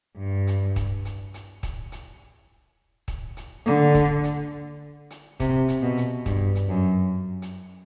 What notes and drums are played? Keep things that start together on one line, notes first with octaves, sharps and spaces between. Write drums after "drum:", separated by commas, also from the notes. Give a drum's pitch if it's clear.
G2
drum: hi-hat
drum: kick, hi-hat
drum: hi-hat
drum: hi-hat
drum: kick, hi-hat
drum: hi-hat
drum: kick, hi-hat
drum: hi-hat
D3, drum: hi-hat
drum: kick, hi-hat
drum: hi-hat
drum: hi-hat
C3, drum: kick, hi-hat
drum: hi-hat
B2
drum: hi-hat
G2, drum: kick, hi-hat
drum: hi-hat
F#2
drum: hi-hat